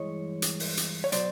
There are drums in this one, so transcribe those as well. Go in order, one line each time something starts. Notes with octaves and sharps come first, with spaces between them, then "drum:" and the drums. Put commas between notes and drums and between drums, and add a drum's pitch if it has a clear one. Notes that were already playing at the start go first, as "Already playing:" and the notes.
Already playing: G2 E3 G#3 C#5 D#5
drum: hi-hat
drum: open hi-hat
drum: hi-hat
C#5
B2 F#3 C5 D5, drum: hi-hat